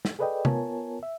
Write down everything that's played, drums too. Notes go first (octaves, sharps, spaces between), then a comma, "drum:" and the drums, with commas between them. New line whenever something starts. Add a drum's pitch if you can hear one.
drum: snare
G#4 A4 B4 D5 D#5 G5
B3 F4 A#4 C#5 G#5 A5, drum: tom C3
E5